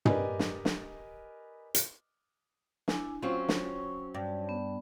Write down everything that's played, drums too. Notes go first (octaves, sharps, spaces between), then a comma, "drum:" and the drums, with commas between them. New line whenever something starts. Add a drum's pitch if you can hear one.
G4 A#4 B4 D5 D#5 G#5, drum: tom
drum: snare
drum: snare
drum: hi-hat
D4 E4 G#5, drum: snare
F#3 C4 C#4 F4 C#6
drum: snare
G2
B3